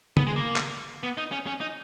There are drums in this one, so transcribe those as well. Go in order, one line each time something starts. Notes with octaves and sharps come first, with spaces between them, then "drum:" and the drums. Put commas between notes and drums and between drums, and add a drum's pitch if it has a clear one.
B3, drum: tom
G#3
A#3
drum: clap
B3
D#4
C#4
C#4
D#4